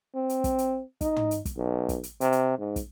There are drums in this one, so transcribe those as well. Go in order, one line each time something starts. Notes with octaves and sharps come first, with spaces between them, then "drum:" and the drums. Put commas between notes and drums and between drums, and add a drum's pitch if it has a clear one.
C4
drum: hi-hat
drum: kick, hi-hat
drum: hi-hat
D#4, drum: kick, hi-hat
drum: tom
drum: hi-hat
drum: kick, hi-hat
B1
drum: kick, hi-hat
drum: hi-hat
C3, drum: hi-hat
drum: hi-hat
G#2
drum: kick, hi-hat